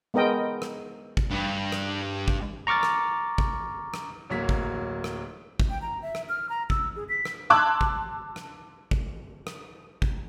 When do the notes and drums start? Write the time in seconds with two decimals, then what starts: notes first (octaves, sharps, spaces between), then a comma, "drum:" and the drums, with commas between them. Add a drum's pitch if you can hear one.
0.14 G#3 B3 A#4 D#5 G5
0.62 drum: rim click
1.17 drum: kick
1.31 G2
1.72 drum: rim click
2.28 drum: kick
2.67 A#5 C#6 D6 F6 A6
2.83 drum: rim click
3.38 drum: kick
3.94 drum: rim click
4.30 D1 F#3 A#3 B6
4.49 drum: kick
5.04 drum: rim click
5.60 drum: kick
5.70 G5
5.82 A#5
6.02 E5
6.15 drum: rim click
6.29 F6
6.49 A#5
6.70 E6, drum: kick
6.96 G#4
7.09 B6
7.25 drum: rim click
7.50 A5 C6 D6 E6 F#6 G#6
7.81 drum: kick
8.36 drum: rim click
8.91 drum: kick
9.47 drum: rim click
10.02 drum: kick